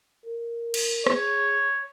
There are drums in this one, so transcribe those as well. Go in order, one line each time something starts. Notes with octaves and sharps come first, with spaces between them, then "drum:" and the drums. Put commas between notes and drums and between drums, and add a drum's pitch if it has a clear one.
A#4
drum: cymbal
G#4 C#5, drum: rim click